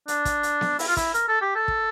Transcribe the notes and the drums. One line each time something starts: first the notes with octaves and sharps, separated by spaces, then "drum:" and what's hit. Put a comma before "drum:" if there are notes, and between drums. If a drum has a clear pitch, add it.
D4, drum: hi-hat
drum: kick, hi-hat
drum: hi-hat
drum: snare B3
E4, drum: open hi-hat
F4
E4, drum: kick, hi-hat
A#4, drum: hi-hat
A4
G4
A4
drum: kick